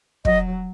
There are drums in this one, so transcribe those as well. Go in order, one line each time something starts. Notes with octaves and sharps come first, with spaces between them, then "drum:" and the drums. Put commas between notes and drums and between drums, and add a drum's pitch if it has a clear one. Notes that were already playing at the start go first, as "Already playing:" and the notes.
F#3 D#5, drum: kick